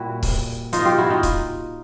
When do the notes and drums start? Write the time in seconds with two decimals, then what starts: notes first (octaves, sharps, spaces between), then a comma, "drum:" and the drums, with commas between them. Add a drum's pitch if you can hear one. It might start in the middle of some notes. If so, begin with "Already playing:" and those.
Already playing: A#2 G3 E4 F#4
0.23 drum: kick, open hi-hat
0.73 D#4 F4, drum: hi-hat
0.85 F4 G4
0.98 E4 F#4
1.10 D#4 F4
1.23 drum: kick, hi-hat